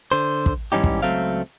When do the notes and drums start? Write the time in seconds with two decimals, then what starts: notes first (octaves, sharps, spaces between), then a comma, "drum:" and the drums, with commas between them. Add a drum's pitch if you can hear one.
0.12 D3 C5
0.46 drum: kick
0.72 G#2 E3 G3 C#4 D#4 G4
0.84 drum: kick
1.02 C#2 F#3 A3 C4 F5